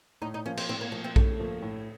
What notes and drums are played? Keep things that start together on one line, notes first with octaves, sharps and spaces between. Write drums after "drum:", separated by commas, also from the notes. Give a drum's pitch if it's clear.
A2 D#4
D#4
F3 A#3 C#4
C4, drum: cymbal
A2 C4
A#3
F3 A3 A#3
C4
A2 A3, drum: kick A#1
F3 A#3
A2